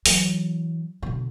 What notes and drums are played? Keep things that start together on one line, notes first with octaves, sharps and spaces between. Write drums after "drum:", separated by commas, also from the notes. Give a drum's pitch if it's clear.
E3 F#3, drum: open hi-hat
B2 D3